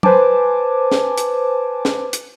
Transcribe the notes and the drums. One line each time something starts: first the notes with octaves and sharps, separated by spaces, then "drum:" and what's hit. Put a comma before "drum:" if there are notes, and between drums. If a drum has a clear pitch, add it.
B4 C5 G#5 A5 D6, drum: tom
drum: snare
drum: hi-hat
drum: snare
drum: hi-hat